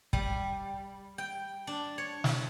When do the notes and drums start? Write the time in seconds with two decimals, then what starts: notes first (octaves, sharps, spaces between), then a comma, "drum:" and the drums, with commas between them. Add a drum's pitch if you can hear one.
0.13 G3, drum: kick
1.18 G5
1.67 D4
1.98 C#5
2.24 drum: snare